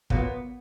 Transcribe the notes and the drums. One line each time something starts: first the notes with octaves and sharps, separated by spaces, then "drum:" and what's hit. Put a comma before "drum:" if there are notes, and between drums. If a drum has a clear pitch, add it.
A#2 F#3 A#3 B3, drum: kick